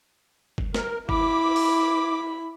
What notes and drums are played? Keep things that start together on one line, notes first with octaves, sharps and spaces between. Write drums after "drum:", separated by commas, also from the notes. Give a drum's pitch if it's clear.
drum: kick
A#4, drum: snare
E4 B5 D6, drum: kick
drum: open hi-hat